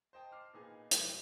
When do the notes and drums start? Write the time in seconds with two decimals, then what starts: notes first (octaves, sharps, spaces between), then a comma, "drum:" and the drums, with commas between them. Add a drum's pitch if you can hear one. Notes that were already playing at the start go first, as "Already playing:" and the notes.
0.13 C5 D#5 G5 A5
0.32 D6 F6 C7
0.53 A#2 B3 D#4 G#4
0.91 C2 F2 B2 G3 G#3 F#7, drum: hi-hat